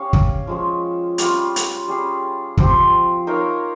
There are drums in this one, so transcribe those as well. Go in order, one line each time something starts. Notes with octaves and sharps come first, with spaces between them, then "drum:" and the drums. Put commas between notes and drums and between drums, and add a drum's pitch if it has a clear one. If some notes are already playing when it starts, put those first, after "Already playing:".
Already playing: C#4 G4 C#5 F5
drum: kick
F3 G#3 C#4
G3 C#4 F4, drum: hi-hat
drum: hi-hat
G3 C#4 G#4
F3 C4 G4 C5, drum: kick
D#4 A#4 C#5 F5